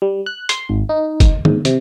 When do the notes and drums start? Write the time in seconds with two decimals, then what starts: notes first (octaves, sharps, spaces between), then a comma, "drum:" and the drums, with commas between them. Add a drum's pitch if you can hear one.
0.02 G3
0.26 F#6
0.49 C6, drum: hi-hat
0.69 G#1
0.89 D#4
1.20 drum: kick, hi-hat
1.45 G#2, drum: tom
1.65 C3, drum: hi-hat